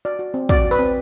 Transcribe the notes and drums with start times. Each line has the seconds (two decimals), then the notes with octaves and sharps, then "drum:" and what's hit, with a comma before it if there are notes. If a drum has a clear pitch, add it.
0.05 F#4 D5
0.19 F#4
0.34 C4
0.49 F#4 D5, drum: kick, hi-hat
0.64 F#4
0.71 B4, drum: open hi-hat
0.79 C4